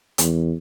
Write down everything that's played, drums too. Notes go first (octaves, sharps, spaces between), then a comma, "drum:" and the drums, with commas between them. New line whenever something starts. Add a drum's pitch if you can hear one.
E2, drum: hi-hat